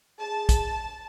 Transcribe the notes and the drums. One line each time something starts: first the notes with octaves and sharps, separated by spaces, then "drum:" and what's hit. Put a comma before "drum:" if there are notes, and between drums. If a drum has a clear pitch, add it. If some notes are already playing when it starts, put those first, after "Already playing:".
G#4 A5
drum: kick, hi-hat